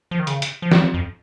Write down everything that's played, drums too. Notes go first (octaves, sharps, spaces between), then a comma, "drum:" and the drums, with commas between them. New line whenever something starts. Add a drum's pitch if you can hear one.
F3
D#3
C#3, drum: hi-hat
drum: hi-hat
F3
D#3, drum: snare
F2